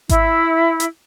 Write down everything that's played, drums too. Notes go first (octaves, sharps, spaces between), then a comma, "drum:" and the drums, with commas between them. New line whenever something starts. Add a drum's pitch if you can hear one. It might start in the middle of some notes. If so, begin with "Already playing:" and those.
E4, drum: kick G#1, hi-hat
drum: hi-hat